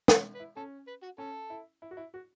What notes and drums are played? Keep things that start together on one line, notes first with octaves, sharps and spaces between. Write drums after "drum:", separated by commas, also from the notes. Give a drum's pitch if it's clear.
C#4, drum: snare
C#5
B4
E4
C#4 A4
B4
F#4
C#4 A4
E4
E4
F#4
E4
F#4